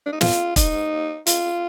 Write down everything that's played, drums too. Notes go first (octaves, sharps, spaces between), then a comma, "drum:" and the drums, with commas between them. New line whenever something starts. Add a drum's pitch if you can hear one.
D4
D#4
F4, drum: snare
D#4, drum: kick E1, hi-hat
F4, drum: hi-hat